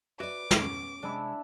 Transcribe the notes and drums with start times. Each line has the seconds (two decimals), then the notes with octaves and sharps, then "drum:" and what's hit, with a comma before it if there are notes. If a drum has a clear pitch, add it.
0.20 F#4 B4 D5 E5 D6
0.51 drum: snare
0.61 B3 C#4
1.03 C3 G#3 D4 E4 E5